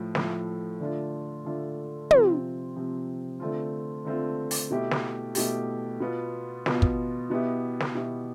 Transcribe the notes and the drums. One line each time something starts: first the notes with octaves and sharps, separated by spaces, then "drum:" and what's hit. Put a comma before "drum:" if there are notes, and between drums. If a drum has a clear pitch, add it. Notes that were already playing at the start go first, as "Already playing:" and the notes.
Already playing: A2 F3 A3
A2 F3 A3, drum: snare
D3 A3 D4 F4
D3 A3 D4 F4
C3 F3 C4 F4, drum: tom
C3 F3 C4 F4
D3 A3 C4 F4
D3 A3 C4 F4
drum: open hi-hat
B2 A3 E4 G4
drum: snare
B2 A3 E4 G4, drum: open hi-hat
B2 B3 F4
B2 B3 F4, drum: snare
drum: kick
B2 B3 E4 G4
drum: snare
B2 B3 E4 G4